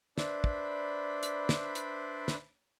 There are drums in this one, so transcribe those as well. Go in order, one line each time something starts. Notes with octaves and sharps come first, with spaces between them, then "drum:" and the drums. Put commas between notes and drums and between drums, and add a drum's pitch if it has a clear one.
D4 B4 C5 D5 E5 B5, drum: snare
drum: kick
drum: hi-hat
drum: snare
drum: hi-hat
drum: snare